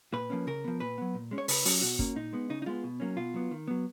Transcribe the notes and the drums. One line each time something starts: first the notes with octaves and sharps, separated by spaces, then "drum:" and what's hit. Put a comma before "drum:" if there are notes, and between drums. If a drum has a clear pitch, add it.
A#2 B4
F3 A#3 C#4
C#3 A#4
F3 B3
A#2 B4
F#3 B3
A#2
G#3 C#4
C#5
C#3 B4, drum: open hi-hat
F#3 C#4 F#4, drum: open hi-hat
B2 F#4
A#3 C#4, drum: kick G1
A#2 D#4
G#3 B3
C#3 D#4
D#4
G#3 B3 F4
B2
F#3 A#3 C#4
B2 F4
F#3 B3
D#3
F#3 B3